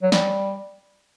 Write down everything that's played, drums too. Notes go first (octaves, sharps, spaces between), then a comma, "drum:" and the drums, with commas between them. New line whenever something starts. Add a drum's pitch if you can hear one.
F#3
G3, drum: snare